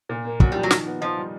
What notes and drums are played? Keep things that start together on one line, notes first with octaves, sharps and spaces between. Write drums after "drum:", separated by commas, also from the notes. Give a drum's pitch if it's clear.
A#2
A#3
A#2 F#3, drum: kick
F3 G3
F#3
D#3, drum: snare
B3
F3 D#4
G3